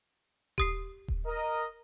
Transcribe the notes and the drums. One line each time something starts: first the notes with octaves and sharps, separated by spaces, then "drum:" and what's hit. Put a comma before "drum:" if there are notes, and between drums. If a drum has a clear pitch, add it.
G4 D#6 C7, drum: kick D#1
drum: kick D#1
A#4 D#5